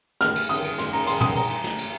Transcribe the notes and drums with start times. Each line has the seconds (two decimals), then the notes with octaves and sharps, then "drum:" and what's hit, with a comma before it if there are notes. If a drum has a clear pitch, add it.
0.21 F6, drum: snare
0.35 drum: cymbal
0.49 D#6, drum: cymbal
0.64 drum: cymbal
0.78 C6, drum: snare
0.93 A#5, drum: cymbal
1.07 C6, drum: cymbal
1.21 D#6, drum: tom
1.36 A#5, drum: cymbal
1.50 drum: cymbal
1.64 drum: snare
1.78 drum: cymbal